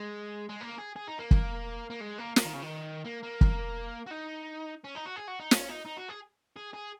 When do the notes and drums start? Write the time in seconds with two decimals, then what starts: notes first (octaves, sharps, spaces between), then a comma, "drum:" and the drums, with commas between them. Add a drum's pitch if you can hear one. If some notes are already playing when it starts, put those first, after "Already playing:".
Already playing: G#3
0.49 G#3
0.61 A#3
0.78 G#4
0.96 G#4
1.08 D#4
1.19 A#3
1.31 drum: kick
1.90 A#3
2.01 G#3
2.18 A#3
2.36 A#3, drum: snare
2.44 D#3
2.53 C#3
2.62 D#3
3.05 A#3
3.23 A#3
3.41 drum: kick
4.07 F#4
4.11 D#4
4.84 C#4
4.95 D#4
5.06 F#4
5.16 G#4
5.28 F#4
5.39 D#4
5.51 C#4, drum: snare
5.69 D#4
5.86 D#4
5.98 F#4
6.09 G#4
6.56 G#4
6.73 G#4